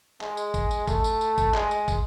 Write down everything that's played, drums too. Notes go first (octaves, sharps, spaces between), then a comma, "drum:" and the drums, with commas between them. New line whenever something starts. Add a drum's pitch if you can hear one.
G#3, drum: clap
drum: tambourine
drum: kick, tambourine
drum: tambourine
A3, drum: kick, tambourine
drum: tambourine
drum: tambourine
drum: kick, tambourine
G#3, drum: clap
drum: tambourine
drum: kick, tambourine